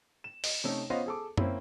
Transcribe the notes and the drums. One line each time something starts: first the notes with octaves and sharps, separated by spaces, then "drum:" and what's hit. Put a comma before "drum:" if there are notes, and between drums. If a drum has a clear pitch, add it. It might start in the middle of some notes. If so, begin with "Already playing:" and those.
E7
D#5, drum: open hi-hat
C3 A3 C#4 D#4 A4
B3 C#4 F4 C5 D#5 F5
G#4 A4 D6
A#3 C4 C#4 E4, drum: tom